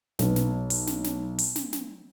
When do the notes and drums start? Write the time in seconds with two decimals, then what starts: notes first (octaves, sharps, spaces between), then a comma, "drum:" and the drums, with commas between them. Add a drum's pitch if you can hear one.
0.19 B1 B4, drum: snare
0.36 drum: snare
0.70 drum: open hi-hat
0.87 drum: snare
1.04 drum: snare
1.38 drum: open hi-hat
1.56 drum: snare
1.73 drum: snare